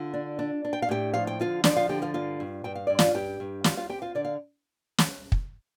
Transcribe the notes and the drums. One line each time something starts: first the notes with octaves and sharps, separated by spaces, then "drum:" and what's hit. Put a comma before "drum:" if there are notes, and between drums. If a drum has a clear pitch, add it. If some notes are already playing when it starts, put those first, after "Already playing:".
Already playing: D3 F4
D4
D4
D4
G5
F5
A2 G4 G5
F3 F5
G5
D3 F4 F5
F3 D4 D5, drum: snare
F4 F5
D3 G4 G5
F4 F5
G2 F4 F5
G2
G2 G5
F5
G2 D5
F4 F5, drum: snare
G2 G4 G5
G2
G3 F4 F5, drum: snare
F4 F5
C4 G4 G5
F4 F5
D3 D5
F5
drum: snare
drum: kick